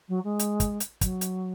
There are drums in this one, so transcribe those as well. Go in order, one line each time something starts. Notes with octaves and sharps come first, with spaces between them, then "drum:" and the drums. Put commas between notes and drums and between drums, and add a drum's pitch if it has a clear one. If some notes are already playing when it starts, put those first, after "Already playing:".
F#3
G#3
drum: hi-hat
drum: kick, hi-hat
drum: hi-hat
F#3, drum: kick, hi-hat
drum: hi-hat